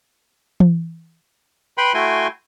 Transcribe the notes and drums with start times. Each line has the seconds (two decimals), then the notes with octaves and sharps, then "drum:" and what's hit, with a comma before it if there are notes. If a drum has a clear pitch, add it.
0.60 drum: tom E3
1.78 B4 G5 B5 C6
1.94 A3 E4 F#4 G5 G#5 C6